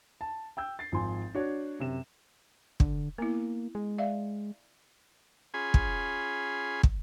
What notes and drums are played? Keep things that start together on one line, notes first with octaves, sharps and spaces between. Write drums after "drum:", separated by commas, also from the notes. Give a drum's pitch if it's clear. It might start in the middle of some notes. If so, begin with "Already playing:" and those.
A5
G5 E6 G6
A6 C7
G#1 F3 G#5 C6
D4 F#4 C#5
F#2 C3 E7
D3, drum: kick
A#3 B3 E4
G#3
D5 E5 F5
C#4 F4 G#4 G#5 B5 C6
drum: kick
drum: kick